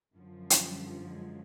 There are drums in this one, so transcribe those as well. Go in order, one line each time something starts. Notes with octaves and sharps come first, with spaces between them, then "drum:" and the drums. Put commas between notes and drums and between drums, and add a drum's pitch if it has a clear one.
F#2 D3 F3
drum: hi-hat
G3
F#3 G#3